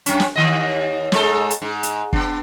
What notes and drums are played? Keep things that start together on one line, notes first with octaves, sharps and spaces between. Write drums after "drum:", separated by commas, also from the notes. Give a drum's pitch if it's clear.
F#2 C#4, drum: hi-hat
drum: snare
D#2 D#3 D#5
G#2 G#3 A4, drum: snare
drum: hi-hat
G#2
drum: hi-hat
B3 D4, drum: kick